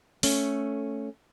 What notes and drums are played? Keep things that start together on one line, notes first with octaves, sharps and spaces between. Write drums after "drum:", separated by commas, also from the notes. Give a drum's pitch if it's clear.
A3 C#4, drum: open hi-hat